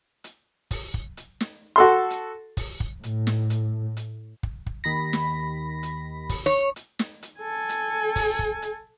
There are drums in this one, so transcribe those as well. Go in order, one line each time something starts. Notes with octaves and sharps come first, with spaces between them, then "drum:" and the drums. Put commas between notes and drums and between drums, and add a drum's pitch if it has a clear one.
drum: hi-hat
drum: kick, open hi-hat
drum: kick
drum: hi-hat
drum: snare
F#4 A4 C6
drum: hi-hat
drum: kick, open hi-hat
drum: kick
A2, drum: hi-hat
drum: snare
drum: hi-hat
drum: hi-hat
drum: kick
drum: kick
D#2 B5 A#6
drum: snare
drum: hi-hat
drum: kick, open hi-hat
C#5
drum: hi-hat
drum: snare
drum: hi-hat
A4 G#5
drum: hi-hat
drum: kick, open hi-hat
drum: kick
drum: hi-hat